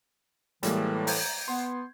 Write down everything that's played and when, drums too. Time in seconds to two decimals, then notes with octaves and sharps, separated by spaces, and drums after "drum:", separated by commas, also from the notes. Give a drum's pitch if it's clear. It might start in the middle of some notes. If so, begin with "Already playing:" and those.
0.63 A2 E3 G3 G#3 A#3, drum: hi-hat
1.07 A#5 G6 G#6, drum: open hi-hat
1.48 B3 C6